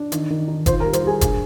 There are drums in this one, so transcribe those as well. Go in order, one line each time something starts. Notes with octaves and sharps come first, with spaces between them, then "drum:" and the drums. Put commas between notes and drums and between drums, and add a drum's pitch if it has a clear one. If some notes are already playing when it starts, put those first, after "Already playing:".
Already playing: D4
D#3, drum: hi-hat
D#3
D#4
F4 C5, drum: kick F#1, hi-hat
A#4
G3
C5, drum: hi-hat
G3 G#4 G#5
D4, drum: kick F#1, hi-hat